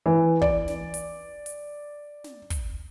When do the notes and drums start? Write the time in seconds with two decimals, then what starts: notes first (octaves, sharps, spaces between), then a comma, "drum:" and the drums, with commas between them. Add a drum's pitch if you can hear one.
0.06 E3
0.42 D5, drum: kick
0.68 drum: snare
0.94 drum: hi-hat
1.46 drum: hi-hat
2.24 drum: snare
2.50 drum: kick, hi-hat